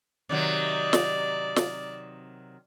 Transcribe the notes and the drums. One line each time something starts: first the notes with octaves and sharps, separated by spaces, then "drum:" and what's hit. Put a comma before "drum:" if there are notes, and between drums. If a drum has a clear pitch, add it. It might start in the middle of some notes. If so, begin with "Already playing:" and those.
C3 D#3 F#3 D5
drum: snare
drum: snare